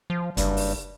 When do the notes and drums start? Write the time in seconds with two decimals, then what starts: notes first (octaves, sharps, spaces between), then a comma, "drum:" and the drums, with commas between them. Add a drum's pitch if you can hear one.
0.10 F3
0.37 F#1 G2 G3, drum: kick, hi-hat
0.57 drum: open hi-hat